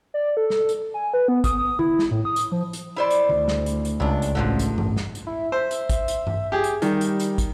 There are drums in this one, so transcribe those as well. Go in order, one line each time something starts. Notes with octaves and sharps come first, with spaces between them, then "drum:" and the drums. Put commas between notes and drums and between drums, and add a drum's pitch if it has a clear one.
D5
A4
drum: snare
drum: hi-hat
G#5
B4
B3
D#6, drum: kick, hi-hat
D#6
E4, drum: tom D#3
drum: snare
A2
D#6
drum: hi-hat
F3
drum: hi-hat
E4 C5 D5
drum: hi-hat
D2, drum: tom D#3
drum: snare
drum: hi-hat
drum: hi-hat
C#2 C3 D4
drum: hi-hat
A1 D3 F3 F#3
drum: hi-hat
drum: tom G2
drum: snare
drum: hi-hat
E4
C5 E5
drum: hi-hat
drum: kick, hi-hat
drum: hi-hat
drum: tom G2
G4 G#4
drum: hi-hat
D#3 G3, drum: hi-hat
drum: hi-hat
drum: hi-hat
drum: kick, hi-hat